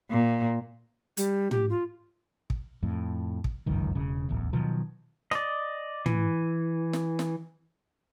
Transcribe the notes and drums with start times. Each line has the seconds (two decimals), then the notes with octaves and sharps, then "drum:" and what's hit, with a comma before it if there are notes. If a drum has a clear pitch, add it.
0.11 A#2
1.17 G3, drum: hi-hat
1.51 G4, drum: tom
1.70 F4
2.50 drum: kick
2.83 F2 A2
3.44 drum: kick
3.66 G1 C#2 F#2 D#3
3.95 E1 C#3
4.29 D1 A1 E2
4.53 B2 D#3 F3 F#3
5.31 D5 D#5, drum: rim click
6.06 E3, drum: tom
6.93 drum: snare
7.19 drum: snare